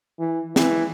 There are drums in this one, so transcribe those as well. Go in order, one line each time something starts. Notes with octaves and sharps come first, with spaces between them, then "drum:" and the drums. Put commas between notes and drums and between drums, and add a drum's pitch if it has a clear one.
E3
E3, drum: snare